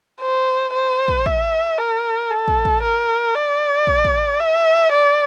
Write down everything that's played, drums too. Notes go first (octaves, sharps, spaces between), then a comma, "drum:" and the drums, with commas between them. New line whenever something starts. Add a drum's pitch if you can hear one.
C5
C5
drum: kick
E5, drum: kick
A#4
A4
drum: kick
drum: kick
A#4
D5
drum: kick
drum: kick
E5
D5